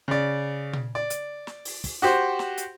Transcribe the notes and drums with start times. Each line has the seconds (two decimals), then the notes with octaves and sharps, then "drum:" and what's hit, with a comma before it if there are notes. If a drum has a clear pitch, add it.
0.08 C#3 D5
0.73 drum: tom A#2
0.95 D5
1.10 drum: hi-hat
1.47 drum: snare
1.65 drum: open hi-hat
1.84 drum: kick, open hi-hat
2.02 F#4 G4 C5 F#5
2.39 drum: snare
2.57 drum: hi-hat